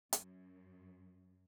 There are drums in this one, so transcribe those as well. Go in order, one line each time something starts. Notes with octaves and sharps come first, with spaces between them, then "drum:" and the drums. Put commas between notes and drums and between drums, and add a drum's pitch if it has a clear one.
F#2, drum: hi-hat